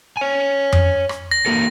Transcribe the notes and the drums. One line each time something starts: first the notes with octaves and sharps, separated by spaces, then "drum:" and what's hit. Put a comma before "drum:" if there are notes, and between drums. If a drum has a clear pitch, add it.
C#5 G#5
drum: tom F2
drum: rim click
A#6
A#3 F#4 A4